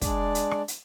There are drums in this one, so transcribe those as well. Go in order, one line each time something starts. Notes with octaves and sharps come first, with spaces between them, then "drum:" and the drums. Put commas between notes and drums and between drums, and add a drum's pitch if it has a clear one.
G#3 D4 D5, drum: kick, hi-hat
drum: hi-hat
drum: rim click
drum: hi-hat